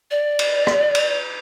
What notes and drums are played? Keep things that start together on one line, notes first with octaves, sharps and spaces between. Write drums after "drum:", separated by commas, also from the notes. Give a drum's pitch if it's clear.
D5
drum: cymbal
drum: rim click
drum: cymbal